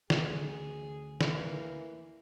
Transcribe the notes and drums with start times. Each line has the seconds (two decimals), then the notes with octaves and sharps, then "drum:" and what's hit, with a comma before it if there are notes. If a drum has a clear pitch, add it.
0.10 D2 D3 C#4 G#4, drum: snare
1.21 E3 A#3, drum: snare